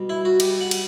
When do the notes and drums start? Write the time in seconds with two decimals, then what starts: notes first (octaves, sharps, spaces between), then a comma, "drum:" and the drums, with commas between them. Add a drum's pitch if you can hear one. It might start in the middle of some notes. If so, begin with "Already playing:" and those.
Already playing: B2 G3
0.10 E4
0.25 F#4
0.40 G4, drum: cymbal
0.61 F#5
0.71 drum: cymbal